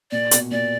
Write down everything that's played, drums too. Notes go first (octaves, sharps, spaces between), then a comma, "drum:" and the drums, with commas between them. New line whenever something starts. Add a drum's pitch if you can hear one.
A#2 D5
B2, drum: hi-hat
A#2 D5